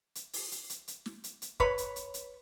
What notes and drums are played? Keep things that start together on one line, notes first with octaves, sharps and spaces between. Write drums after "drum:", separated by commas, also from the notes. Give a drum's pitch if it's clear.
drum: hi-hat
drum: open hi-hat
drum: hi-hat
drum: hi-hat
drum: hi-hat
drum: snare
drum: hi-hat
drum: hi-hat
B4 C#5 B5, drum: kick
drum: hi-hat
drum: hi-hat
drum: hi-hat